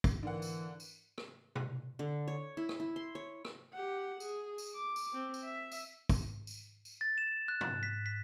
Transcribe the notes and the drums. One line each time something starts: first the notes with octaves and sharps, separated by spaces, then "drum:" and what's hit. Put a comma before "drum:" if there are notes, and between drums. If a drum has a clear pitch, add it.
drum: kick, tambourine
D3 E3 A#3 F#5
drum: tambourine
drum: tambourine
drum: rim click
drum: tom B2
D3
C#5
E4
drum: rim click
E4
C6
C#5
drum: rim click
G4 F#5
G#4, drum: tambourine
drum: tambourine
D6
drum: tambourine
C4
drum: tambourine
E5
drum: tambourine
drum: kick, tambourine
drum: tambourine
drum: tambourine
A6
E7
F#6
drum: tom G#2
B6
B6